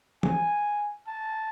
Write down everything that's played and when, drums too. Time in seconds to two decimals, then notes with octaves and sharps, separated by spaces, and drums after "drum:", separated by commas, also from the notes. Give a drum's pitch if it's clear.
0.23 G#5, drum: tom E3
1.07 A5